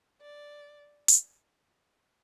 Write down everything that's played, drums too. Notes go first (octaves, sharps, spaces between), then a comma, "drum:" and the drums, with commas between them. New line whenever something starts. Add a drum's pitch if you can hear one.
D5
drum: hi-hat